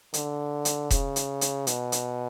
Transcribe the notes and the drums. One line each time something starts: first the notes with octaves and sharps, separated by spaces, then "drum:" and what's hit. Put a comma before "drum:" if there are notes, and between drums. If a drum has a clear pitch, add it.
D3, drum: hi-hat
drum: hi-hat
C#3, drum: kick E1, hi-hat
drum: hi-hat
drum: hi-hat
B2, drum: hi-hat
drum: hi-hat